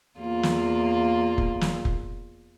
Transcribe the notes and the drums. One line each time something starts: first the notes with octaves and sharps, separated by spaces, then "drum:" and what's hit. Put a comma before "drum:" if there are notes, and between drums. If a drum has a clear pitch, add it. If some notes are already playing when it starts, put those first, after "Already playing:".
E2 A#3 F4
drum: snare
drum: kick F1
drum: snare
drum: kick F1